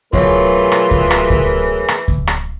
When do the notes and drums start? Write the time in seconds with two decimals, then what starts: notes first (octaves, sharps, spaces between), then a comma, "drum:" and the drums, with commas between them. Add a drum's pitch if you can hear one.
0.13 B2 E3 F#3 A3 F4 G#4 A#4, drum: kick C#2
0.72 drum: rim click
0.91 drum: kick C#2
1.11 drum: rim click
1.30 drum: kick C#2
1.88 drum: rim click
2.08 drum: kick C#2
2.27 drum: rim click